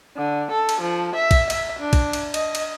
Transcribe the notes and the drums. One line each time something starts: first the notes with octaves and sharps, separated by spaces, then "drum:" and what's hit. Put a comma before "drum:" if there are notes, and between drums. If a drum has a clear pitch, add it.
D3
A4
drum: cymbal
F3
E5
drum: kick A#1, cymbal
E5, drum: cymbal
D4
drum: kick A#1, cymbal
drum: cymbal
D#5, drum: cymbal
drum: cymbal